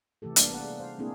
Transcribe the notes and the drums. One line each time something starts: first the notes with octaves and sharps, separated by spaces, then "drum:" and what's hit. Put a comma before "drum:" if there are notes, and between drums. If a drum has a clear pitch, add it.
C3 E3 A3 G4 A4
G3 A#3 D4 D5 F5, drum: hi-hat
B3 B4 F#5
G#4
C5 F5
G#3 A#3 C4 D4 E4 G#4